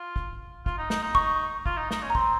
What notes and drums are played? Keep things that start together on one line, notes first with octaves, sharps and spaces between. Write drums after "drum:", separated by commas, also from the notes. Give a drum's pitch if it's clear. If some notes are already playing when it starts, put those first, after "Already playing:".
Already playing: F4
drum: kick
F4, drum: kick
D#4
D#4, drum: snare
D#4
C#6, drum: kick
F4, drum: kick
D#4
D#4, drum: snare
C#4
A#5
C4 C6, drum: kick